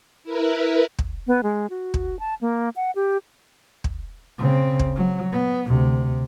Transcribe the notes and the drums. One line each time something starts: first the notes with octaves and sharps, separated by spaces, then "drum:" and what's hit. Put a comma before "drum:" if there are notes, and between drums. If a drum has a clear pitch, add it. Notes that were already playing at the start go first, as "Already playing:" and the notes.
E4 A#4 B4
drum: kick
B3
G#3
F#4
drum: kick
A5
A#3
F#5
G4
drum: kick
C#3 C4
drum: kick
F#3
B3
D2 C3